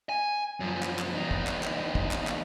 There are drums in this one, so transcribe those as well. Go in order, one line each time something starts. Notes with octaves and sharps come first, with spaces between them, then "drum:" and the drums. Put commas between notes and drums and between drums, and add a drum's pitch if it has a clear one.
G#5
F#2 F3
drum: clap
drum: clap
E2 D#4
drum: kick
drum: clap
drum: clap
drum: kick
drum: clap
drum: clap